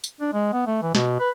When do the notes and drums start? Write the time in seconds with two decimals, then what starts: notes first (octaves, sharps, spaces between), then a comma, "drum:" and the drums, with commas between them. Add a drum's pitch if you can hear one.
0.04 drum: tambourine
0.21 D4
0.33 G#3
0.53 B3
0.67 A3
0.83 E3
0.95 B2, drum: snare
1.19 B4